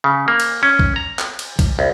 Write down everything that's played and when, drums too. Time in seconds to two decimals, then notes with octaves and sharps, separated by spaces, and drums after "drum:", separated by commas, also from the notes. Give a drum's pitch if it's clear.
0.04 C#3
0.28 A#3
0.40 drum: cymbal
0.63 C#4
0.79 drum: kick
0.96 A#5
1.19 drum: clap
1.39 drum: cymbal
1.59 drum: kick, cymbal
1.79 C2